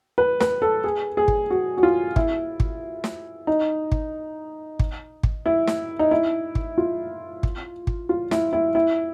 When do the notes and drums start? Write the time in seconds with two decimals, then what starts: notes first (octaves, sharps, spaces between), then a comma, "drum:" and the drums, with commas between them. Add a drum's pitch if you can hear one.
0.18 B4
0.40 B4, drum: snare
0.62 A4
0.84 G#4
1.17 G#4
1.28 drum: kick
1.50 F#4
1.78 F#4
1.83 F4
2.16 E4, drum: kick
2.60 drum: kick
3.04 drum: snare
3.47 D#4
3.92 drum: kick
4.79 drum: kick
5.23 drum: kick
5.46 E4
5.67 drum: snare
5.99 D#4
6.11 E4
6.55 drum: kick
6.78 F4
7.43 drum: kick
7.87 drum: kick
8.09 F4
8.31 E4, drum: snare
8.53 E4
8.75 E4